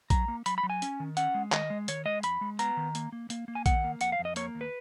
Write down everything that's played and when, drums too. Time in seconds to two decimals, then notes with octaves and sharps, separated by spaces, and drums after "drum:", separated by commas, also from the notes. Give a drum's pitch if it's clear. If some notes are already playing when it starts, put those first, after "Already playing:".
0.10 F#3 A#5, drum: kick A#1, hi-hat
0.28 A#3
0.46 F#3 B5, drum: hi-hat
0.58 B5
0.63 F#3
0.70 G#5
0.82 C#4, drum: hi-hat
1.00 D#3
1.17 C#4 F#5, drum: hi-hat
1.34 G#3
1.52 D#3 D#5, drum: clap
1.70 G#3
1.88 D#3 C#5, drum: hi-hat
2.05 G#3 D#5
2.23 F2 B5, drum: hi-hat
2.41 G#3
2.59 B3 A#5, drum: hi-hat
2.77 D#3
2.95 A#3, drum: hi-hat
3.12 A#3
3.30 A#3, drum: hi-hat
3.48 A#3
3.55 G#5
3.66 D#3 F#5, drum: kick A#1, hi-hat
3.84 A#3
4.01 F2 F#5, drum: hi-hat
4.12 F5
4.19 F2
4.25 D#5
4.36 A#3 C#5, drum: hi-hat
4.55 D#2
4.61 B4